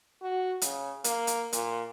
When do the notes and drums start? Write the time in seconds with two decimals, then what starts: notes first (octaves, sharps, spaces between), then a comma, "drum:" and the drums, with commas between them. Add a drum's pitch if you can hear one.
0.22 F#4
0.62 C#3, drum: hi-hat
1.04 A#3, drum: hi-hat
1.27 drum: hi-hat
1.53 A#2, drum: hi-hat